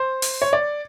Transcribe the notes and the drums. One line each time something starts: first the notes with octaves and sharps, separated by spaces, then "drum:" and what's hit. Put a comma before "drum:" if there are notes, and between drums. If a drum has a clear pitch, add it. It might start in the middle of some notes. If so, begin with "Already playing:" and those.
Already playing: C5
drum: open hi-hat
C#5
D5